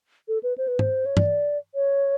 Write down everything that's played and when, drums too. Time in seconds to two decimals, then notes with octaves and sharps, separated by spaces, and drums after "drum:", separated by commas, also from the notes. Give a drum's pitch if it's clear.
0.28 A4
0.43 B4
0.58 C5
0.68 B4
0.79 C5, drum: tom
1.05 C#5
1.17 D5, drum: tom G2
1.75 C#5